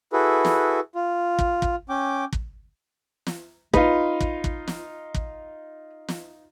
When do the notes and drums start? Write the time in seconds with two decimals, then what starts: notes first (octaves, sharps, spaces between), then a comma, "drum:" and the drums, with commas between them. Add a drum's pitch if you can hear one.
0.13 E4 F#4 G#4 A4 B4
0.45 drum: snare
0.95 F4
1.39 drum: kick
1.62 drum: kick
1.89 C#4 G5 D6
2.33 drum: kick
3.27 drum: snare
3.74 D#4 F4 B4, drum: kick
4.21 drum: kick
4.44 drum: kick
4.67 drum: snare
5.14 drum: kick
6.08 drum: snare